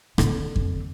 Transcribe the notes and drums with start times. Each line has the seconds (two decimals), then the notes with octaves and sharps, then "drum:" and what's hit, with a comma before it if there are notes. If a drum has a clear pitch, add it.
0.18 D3 C4, drum: rim click
0.56 drum: kick F2